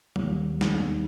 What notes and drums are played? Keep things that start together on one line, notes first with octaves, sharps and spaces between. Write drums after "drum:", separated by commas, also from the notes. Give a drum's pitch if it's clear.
D#2 D#3 G3 A#3, drum: tom
drum: snare
D#2 D#3 G3 A#3